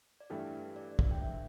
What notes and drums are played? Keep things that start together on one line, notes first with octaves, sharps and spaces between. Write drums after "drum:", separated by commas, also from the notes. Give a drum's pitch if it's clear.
D5
G2 E3 A3 G4 B4
D5
drum: kick
G5
E5